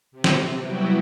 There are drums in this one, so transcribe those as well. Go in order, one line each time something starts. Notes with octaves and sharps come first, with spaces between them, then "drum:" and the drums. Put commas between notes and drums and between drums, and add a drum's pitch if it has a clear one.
C3
drum: snare
F#3 G3 B3 E4 F#4 G4